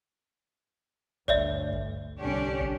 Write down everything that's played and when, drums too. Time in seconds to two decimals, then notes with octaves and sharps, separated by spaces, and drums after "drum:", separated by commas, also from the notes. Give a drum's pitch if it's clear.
1.28 D2 G2 C#5 D5 E5, drum: kick
1.72 drum: kick
2.19 C2 D3 C#4 D4 G4
2.61 drum: kick